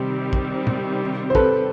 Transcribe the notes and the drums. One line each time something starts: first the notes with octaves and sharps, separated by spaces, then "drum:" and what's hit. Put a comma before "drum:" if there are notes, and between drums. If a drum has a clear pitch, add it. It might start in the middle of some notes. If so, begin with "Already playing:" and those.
Already playing: C3 D#3 G3 C4 G4
drum: kick
drum: tom
C5
A4 B4, drum: kick